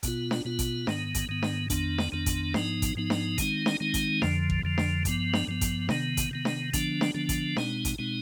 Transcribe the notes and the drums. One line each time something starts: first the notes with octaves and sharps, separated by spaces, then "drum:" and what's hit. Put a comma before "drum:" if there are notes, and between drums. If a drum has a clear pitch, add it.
B2 B3 F4, drum: kick A1, hi-hat
drum: snare D4
B2 B3 F4
drum: kick A1, hi-hat
G#2 D#3 B3, drum: snare D4
drum: kick A1, hi-hat
G#2 D#3 B3
drum: snare D4
F2 D#3 B3 D4, drum: kick A1, hi-hat
drum: snare D4
F2 D#3 B3 D4
drum: kick A1, hi-hat
G#2 F3 B3 D#4, drum: snare D4
drum: kick A1, hi-hat
G#2 F3 B3 D#4
drum: snare D4
D#3 G#3 C4 D#4, drum: kick A1, hi-hat
drum: snare D4
D#3 G#3 C4 D#4
drum: kick A1, hi-hat
F2 D3 F3, drum: snare D4
drum: kick A1
F2 D3 F3
drum: snare D4
G2 F3 B3, drum: kick A1, hi-hat
drum: snare D4
G2 F3 B3
drum: kick A1, hi-hat
C3 D#3 B3, drum: snare D4
drum: kick A1, hi-hat
C3 D#3 B3
drum: snare D4
D3 F3 B3 D4, drum: kick A1, hi-hat
drum: snare D4
D3 F3 B3 D4
drum: kick A1, hi-hat
B2 G#3 C4 D#4, drum: snare D4
drum: kick A1, hi-hat
B2 G#3 C4 D#4